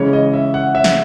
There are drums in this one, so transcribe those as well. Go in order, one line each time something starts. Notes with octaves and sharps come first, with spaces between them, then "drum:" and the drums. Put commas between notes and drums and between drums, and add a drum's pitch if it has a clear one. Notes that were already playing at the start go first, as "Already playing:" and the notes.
Already playing: C#3 E3 G#3 C#4 C#5
D#5
E5
F#5
E5
drum: snare